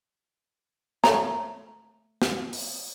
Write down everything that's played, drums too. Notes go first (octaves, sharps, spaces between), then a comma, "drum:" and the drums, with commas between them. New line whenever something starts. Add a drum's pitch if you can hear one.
A3 C#5 A#5, drum: snare
drum: snare
drum: open hi-hat